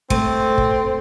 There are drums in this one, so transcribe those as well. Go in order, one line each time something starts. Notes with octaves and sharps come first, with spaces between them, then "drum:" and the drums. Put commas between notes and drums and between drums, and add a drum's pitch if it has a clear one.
A3 C4, drum: kick
drum: kick